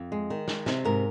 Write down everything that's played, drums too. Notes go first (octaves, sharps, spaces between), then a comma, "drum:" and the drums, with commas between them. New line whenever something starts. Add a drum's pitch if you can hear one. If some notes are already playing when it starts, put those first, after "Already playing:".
Already playing: F2
G#3
D#3
G#3, drum: snare
C3, drum: snare
G#2 A#4